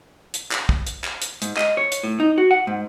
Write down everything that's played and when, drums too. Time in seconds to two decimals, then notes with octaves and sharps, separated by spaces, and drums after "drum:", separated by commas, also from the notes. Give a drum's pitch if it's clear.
0.34 drum: hi-hat
0.51 drum: clap
0.69 drum: kick
0.87 drum: hi-hat
1.04 drum: clap
1.22 drum: hi-hat
1.42 G#2, drum: hi-hat
1.57 D#5, drum: clap
1.77 C#5
1.92 drum: hi-hat
2.03 A2
2.20 D#4
2.38 F#4
2.51 F#5
2.67 G#2